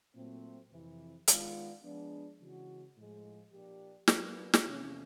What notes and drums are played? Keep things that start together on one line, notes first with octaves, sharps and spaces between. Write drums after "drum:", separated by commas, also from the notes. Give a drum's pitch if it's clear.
A#2 F#3 A3 C4
F2 C3 E3
D#3 G#3 B3 D4 F4, drum: hi-hat
F3 G#3 B3 D4
C#3 E3 G#3 C#4 F#4
A2 F3 G#3
A#2 F3 A#3 D4 G4
F#3 A#3 D4 F#4 B4, drum: snare
drum: snare
E2 C3 F3 A3 C#4